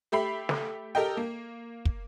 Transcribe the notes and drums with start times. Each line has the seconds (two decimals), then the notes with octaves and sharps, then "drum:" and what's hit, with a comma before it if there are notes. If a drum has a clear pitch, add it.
0.12 A3 G4 E5 B5 C7
0.49 drum: snare
0.95 G4 A4 A#4 D#5 G5
1.17 A#3
1.85 drum: kick